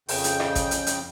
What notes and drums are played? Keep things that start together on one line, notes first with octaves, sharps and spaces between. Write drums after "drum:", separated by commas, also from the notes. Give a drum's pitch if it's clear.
F2 C#3 G5, drum: open hi-hat
drum: hi-hat
drum: rim click
drum: kick, hi-hat
drum: hi-hat
drum: hi-hat